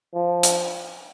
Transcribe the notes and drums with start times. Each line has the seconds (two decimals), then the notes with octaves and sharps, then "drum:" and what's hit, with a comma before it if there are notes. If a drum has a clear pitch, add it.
0.14 F3
0.43 drum: hi-hat